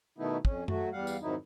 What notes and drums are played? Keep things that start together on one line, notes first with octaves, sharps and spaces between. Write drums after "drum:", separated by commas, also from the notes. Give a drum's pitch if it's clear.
B2 D#3 A3 B3 D#4 E4
F2 C#4, drum: kick
F#3 A3 F#4, drum: tom F#2
E2 G3 F5 F#5
drum: tambourine
F2 G#2 D#3 F#3 D#4 E4